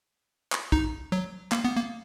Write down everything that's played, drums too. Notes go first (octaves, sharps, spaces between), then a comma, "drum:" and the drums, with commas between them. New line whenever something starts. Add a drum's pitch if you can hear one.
drum: clap
D#4, drum: kick
F#3
A#3, drum: clap
B3
A#3